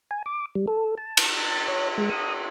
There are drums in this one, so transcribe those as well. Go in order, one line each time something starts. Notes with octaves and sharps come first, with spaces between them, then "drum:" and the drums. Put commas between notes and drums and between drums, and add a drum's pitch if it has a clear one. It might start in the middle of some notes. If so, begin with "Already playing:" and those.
G#5
D6
G3
A4
A5
drum: cymbal
A6
C#5
G#3
D#6